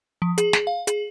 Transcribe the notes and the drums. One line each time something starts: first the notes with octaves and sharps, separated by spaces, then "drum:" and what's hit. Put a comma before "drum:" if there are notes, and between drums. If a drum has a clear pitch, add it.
F3
G#4, drum: hi-hat
drum: snare
F5
G#4, drum: hi-hat